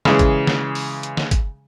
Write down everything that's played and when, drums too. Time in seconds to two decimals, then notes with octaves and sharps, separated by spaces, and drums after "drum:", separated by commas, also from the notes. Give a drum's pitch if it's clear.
0.05 C#3 E3 G#3, drum: snare
0.19 drum: kick, hi-hat
0.47 drum: snare
0.75 drum: open hi-hat
1.03 drum: hi-hat
1.17 drum: snare
1.31 drum: kick, hi-hat